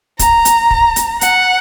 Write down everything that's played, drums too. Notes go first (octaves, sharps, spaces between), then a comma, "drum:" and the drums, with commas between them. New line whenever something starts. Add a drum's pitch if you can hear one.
A#5, drum: kick, hi-hat
drum: hi-hat
drum: kick
drum: hi-hat
F#5, drum: hi-hat